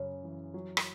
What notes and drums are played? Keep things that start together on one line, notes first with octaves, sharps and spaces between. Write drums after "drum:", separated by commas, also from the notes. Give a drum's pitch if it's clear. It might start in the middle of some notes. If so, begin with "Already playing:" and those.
Already playing: F#2 C#3 C#5
E3
F#3
drum: rim click